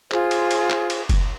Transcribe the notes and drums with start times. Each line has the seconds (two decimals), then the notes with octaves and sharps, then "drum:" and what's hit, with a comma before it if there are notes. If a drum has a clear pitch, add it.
0.11 F4 G#4 C5, drum: clap
0.31 drum: cymbal
0.51 drum: cymbal
0.70 drum: clap
0.90 drum: cymbal
1.09 drum: kick F#1, cymbal